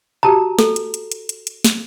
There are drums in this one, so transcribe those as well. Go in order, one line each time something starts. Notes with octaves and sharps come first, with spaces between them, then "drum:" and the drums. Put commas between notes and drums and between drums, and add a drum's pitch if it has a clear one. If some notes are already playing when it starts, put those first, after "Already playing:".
F#4 G4 A5 A#5
A4, drum: snare
drum: hi-hat
drum: hi-hat
drum: hi-hat
drum: hi-hat
drum: hi-hat
drum: snare